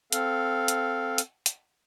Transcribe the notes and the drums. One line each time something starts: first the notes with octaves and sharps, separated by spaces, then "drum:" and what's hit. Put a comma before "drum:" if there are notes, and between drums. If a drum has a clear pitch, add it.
C4 A4 F5, drum: hi-hat
drum: hi-hat
drum: hi-hat
drum: hi-hat